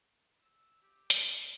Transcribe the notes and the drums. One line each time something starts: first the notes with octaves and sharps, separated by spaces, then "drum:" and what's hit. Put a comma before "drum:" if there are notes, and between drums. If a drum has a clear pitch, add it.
E6
G4
drum: hi-hat